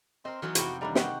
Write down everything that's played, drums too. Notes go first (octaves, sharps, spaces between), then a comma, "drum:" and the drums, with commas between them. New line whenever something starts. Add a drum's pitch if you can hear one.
C4 A#4 C5 D#5
E3 F#3 B3 D#4 A#4 C#5 A5
F2 C3 B3 E4 F#4 G5, drum: hi-hat
D#3 E3 G3 D4 D5 A#5 B5
D#4 F#4 G#4 A#4 F#5 G5, drum: snare